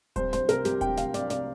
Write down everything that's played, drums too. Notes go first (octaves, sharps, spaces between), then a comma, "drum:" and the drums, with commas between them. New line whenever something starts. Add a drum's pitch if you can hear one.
C2 C5, drum: kick D#1, hi-hat
C2 C5, drum: snare
C3 A#4, drum: snare
C2 G4, drum: snare
C3 G5, drum: kick D#1, hi-hat
C3 F5, drum: snare
C3 D5, drum: snare
C3 D5, drum: snare